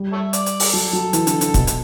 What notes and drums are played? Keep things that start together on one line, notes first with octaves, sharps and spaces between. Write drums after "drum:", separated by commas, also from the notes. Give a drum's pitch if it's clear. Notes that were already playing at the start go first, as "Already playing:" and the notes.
Already playing: G3
A4 C#5 E5
D5, drum: hi-hat
drum: hi-hat
drum: open hi-hat
F#3 A4
F#3
E3, drum: hi-hat
D3, drum: hi-hat
D3, drum: hi-hat
B2, drum: kick, hi-hat
drum: hi-hat